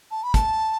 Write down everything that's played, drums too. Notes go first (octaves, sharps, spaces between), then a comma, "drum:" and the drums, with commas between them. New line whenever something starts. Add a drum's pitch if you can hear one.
A5
B5
A5, drum: kick, hi-hat